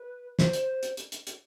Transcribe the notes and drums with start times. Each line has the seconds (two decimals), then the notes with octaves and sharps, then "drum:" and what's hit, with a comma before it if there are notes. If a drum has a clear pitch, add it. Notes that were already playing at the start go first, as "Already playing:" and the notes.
Already playing: B4
0.39 C5, drum: snare
0.53 drum: hi-hat
0.83 drum: hi-hat
0.97 drum: hi-hat
1.12 drum: hi-hat
1.27 drum: hi-hat